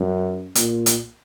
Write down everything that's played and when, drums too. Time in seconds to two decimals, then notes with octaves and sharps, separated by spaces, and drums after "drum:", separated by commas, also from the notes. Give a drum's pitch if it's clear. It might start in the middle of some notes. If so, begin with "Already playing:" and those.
Already playing: F#2
0.55 A#2, drum: hi-hat
0.86 drum: hi-hat